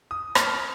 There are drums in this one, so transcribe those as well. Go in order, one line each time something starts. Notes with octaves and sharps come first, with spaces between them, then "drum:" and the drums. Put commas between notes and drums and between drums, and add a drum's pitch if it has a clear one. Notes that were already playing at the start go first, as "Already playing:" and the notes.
D#6
F6, drum: rim click